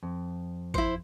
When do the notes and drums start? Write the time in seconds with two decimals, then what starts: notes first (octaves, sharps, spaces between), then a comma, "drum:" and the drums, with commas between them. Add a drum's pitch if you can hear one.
0.03 F2
0.74 E4 C5, drum: kick